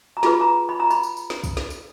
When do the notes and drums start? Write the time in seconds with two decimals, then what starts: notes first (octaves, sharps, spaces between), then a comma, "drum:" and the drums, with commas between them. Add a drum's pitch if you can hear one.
0.17 A#5
0.23 F4 G#4 B4 B5, drum: snare
0.41 A#5
0.69 B5
0.80 A#5
0.90 B5, drum: tambourine
1.03 drum: tambourine
1.17 drum: tambourine
1.30 drum: snare
1.44 drum: kick, tambourine
1.57 drum: snare
1.70 drum: tambourine